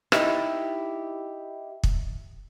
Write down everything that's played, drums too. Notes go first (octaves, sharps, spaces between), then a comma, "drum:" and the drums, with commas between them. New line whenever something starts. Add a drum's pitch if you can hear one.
D#4 E4 G4 E5, drum: rim click
drum: kick